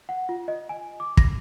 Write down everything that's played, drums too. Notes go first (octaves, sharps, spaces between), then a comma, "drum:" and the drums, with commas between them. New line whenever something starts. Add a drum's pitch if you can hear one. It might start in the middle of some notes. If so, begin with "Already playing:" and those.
F#5
F4
D#5
G#5
D6
A#6, drum: kick